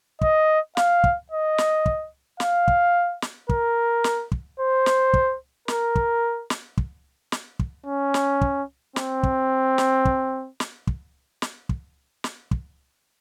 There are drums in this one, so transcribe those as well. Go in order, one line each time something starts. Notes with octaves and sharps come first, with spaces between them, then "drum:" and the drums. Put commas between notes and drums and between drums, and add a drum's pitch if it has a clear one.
D#5, drum: kick
F5, drum: snare
drum: kick
D#5
drum: snare
drum: kick
F5, drum: snare
drum: kick
drum: snare
A#4, drum: kick
drum: snare
drum: kick
C5
drum: snare
drum: kick
A#4, drum: snare
drum: kick
drum: snare
drum: kick
drum: snare
drum: kick
C#4
drum: snare
drum: kick
C4, drum: snare
drum: kick
drum: snare
drum: kick
drum: snare
drum: kick
drum: snare
drum: kick
drum: snare
drum: kick